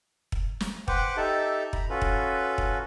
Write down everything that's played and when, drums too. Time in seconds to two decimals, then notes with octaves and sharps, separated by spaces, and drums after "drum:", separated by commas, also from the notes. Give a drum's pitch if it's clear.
0.32 drum: kick
0.60 drum: snare
0.88 B4 C5 F#5 G5 D6, drum: kick
1.17 D#4 G4 A4 E5 A5
1.73 A#5 B5, drum: kick
1.90 C#4 F4 F#4 A4 B4
2.02 drum: kick
2.58 drum: kick